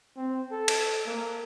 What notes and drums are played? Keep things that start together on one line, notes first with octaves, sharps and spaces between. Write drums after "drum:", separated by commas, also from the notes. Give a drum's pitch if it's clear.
C4
A4
drum: cymbal
A#3